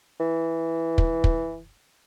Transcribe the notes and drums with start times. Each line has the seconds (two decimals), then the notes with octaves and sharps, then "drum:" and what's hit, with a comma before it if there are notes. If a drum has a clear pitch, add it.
0.20 E3
0.98 drum: kick
1.24 drum: kick